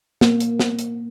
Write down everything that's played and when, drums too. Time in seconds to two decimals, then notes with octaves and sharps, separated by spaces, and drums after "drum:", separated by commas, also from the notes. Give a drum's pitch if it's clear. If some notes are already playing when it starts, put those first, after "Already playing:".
0.21 A#3, drum: snare
0.40 drum: hi-hat
0.60 drum: snare
0.79 drum: hi-hat